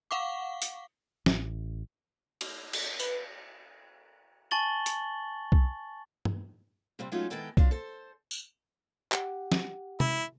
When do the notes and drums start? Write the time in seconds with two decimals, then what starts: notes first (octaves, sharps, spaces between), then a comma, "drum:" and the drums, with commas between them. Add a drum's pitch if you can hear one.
0.11 F5 F#5 C#6 D6
0.62 drum: hi-hat
1.26 A1, drum: snare
2.41 drum: cymbal
2.73 drum: cymbal
2.99 B4, drum: tambourine
4.51 G#5 A5 C#6 A6 F#7 G7
4.86 drum: hi-hat
5.52 drum: kick
6.25 drum: tom G2
6.99 C3 G3 C4
7.12 F#3 G#3 A3 C#4 D#4 F4
7.30 D#3 G#3 B3 E4 A4 G5
7.57 F#3 D4 F4, drum: kick
7.71 A4 C5
8.31 drum: tambourine
9.12 G4 F#5, drum: clap
9.52 drum: snare
10.00 E4, drum: tom C3